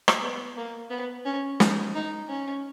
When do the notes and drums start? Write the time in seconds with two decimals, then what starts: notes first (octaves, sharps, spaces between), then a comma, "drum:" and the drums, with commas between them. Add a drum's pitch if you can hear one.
0.08 drum: rim click
0.21 B3
0.57 A#3
0.90 B3
1.25 C#4
1.60 D#4, drum: snare
1.95 D#4
2.29 C#4